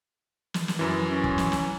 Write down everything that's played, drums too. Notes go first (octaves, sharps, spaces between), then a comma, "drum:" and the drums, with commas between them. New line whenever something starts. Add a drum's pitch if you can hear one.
drum: snare
drum: snare
F#2 E3
C#4
drum: kick
drum: snare
drum: snare